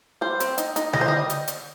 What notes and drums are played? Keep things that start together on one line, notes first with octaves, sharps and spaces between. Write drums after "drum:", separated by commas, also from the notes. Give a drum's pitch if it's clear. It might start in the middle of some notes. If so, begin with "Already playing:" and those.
G3 C5
C4, drum: hi-hat
D#4, drum: hi-hat
D#4, drum: hi-hat
G3 D#5, drum: tom D3
C5
G3 D#5
drum: hi-hat
drum: hi-hat